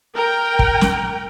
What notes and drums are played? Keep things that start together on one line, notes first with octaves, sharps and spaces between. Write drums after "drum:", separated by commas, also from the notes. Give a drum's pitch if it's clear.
A#4 G5
drum: kick
drum: snare